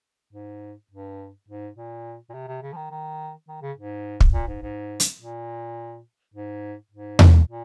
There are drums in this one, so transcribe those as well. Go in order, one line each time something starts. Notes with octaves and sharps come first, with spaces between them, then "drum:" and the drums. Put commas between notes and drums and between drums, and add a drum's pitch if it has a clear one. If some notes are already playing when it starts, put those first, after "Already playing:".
G#2
G2
G#2
A#2
A#2
C3
C3
C#3
F3
D#3
D#3
D#3
C#3
G#2
drum: kick
A#2
G#2
G#2
drum: hi-hat
A#2
G#2
G#2
drum: tom E2
A#2